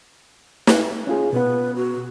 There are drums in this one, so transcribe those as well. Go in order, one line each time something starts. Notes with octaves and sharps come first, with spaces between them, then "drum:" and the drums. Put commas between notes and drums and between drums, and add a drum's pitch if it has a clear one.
drum: snare
C#4 F4 G#4
B2 B3 B4
F#4